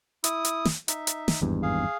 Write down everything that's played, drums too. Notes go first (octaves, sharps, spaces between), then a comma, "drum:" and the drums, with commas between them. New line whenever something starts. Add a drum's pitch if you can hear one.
E4 D#6, drum: hi-hat
drum: hi-hat
drum: snare
D#4 E5, drum: hi-hat
drum: hi-hat
drum: snare
G#1 E2 G2
G#4 F5